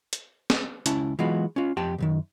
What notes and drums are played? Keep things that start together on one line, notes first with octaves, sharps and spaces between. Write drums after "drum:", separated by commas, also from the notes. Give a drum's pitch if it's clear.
drum: hi-hat
drum: snare
C#2 C#4 E4 A5, drum: hi-hat
E3 F#3 G#3 B3 F4 F#4
C#4 F4
F2 G4 G5 A5 C6
C#2 F#2 D#3